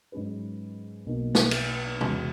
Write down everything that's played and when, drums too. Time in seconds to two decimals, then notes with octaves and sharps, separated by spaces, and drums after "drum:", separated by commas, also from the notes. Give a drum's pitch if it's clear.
0.12 G#2 F#3 C#4 G#4 B4
1.06 B1 B2 A#3 D#4 A#4
1.35 drum: snare
1.51 drum: cymbal
2.01 E2 C#3 G#3 C#4 F#4, drum: tom